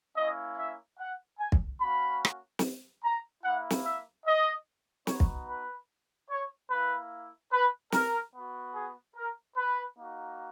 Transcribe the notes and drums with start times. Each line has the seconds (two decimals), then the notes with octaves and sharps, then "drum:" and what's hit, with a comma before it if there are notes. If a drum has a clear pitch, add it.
0.17 A#3 C#4 E4 D#5
0.58 E5
0.99 F#5
1.39 G#5
1.52 drum: kick
1.80 A#3 C#4 F#4 B5
2.25 drum: rim click
2.59 drum: snare
3.03 A#5
3.43 A#3 E4 F#5
3.70 drum: snare
3.84 E5
4.26 D#5
5.07 B3 D#4 F#4 C#5, drum: snare
5.20 drum: kick
5.48 B4
6.30 C#5
6.70 A#3 E4 B4
7.52 B4
7.92 A#4, drum: snare
8.34 B3 F#4
8.75 G#4
9.16 A#4
9.56 B4
9.97 A#3 D#4 F#4